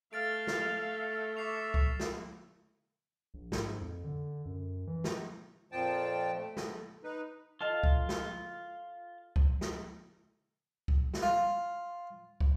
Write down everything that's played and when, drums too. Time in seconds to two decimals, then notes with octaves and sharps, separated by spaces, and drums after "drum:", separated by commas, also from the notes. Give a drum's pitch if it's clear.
0.13 A3 F5 F6 A6 D7
0.47 drum: snare
1.37 E5 C#6 D6 C7 F7
1.74 drum: kick
2.00 drum: snare
3.34 A#1
3.52 G#2, drum: snare
3.81 F2
4.04 D3
4.45 F#2
4.87 E3
5.04 drum: snare
5.72 F2 A#2 F3 G5 A5
6.35 A3
6.57 drum: snare
7.04 D#4 B4
7.61 F4 A4 D#5 F5 A5
7.84 drum: kick
8.09 drum: snare
9.36 drum: kick
9.61 drum: snare
10.88 drum: kick
11.14 drum: snare
11.23 F4
12.41 drum: kick